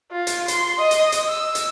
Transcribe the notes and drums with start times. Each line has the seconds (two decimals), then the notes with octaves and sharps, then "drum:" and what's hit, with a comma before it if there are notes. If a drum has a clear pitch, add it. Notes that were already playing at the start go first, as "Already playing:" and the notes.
0.12 F4
0.27 drum: hi-hat
0.48 C6, drum: hi-hat
0.79 D#5
0.91 drum: hi-hat
1.12 drum: hi-hat
1.30 E6
1.55 drum: hi-hat